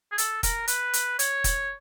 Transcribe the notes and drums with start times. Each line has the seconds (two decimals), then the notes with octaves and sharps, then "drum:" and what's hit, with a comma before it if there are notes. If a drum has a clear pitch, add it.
0.11 G#4
0.18 A4, drum: hi-hat
0.43 A#4, drum: kick, hi-hat
0.68 B4, drum: hi-hat
0.94 drum: hi-hat
1.19 C#5, drum: hi-hat
1.44 drum: kick, hi-hat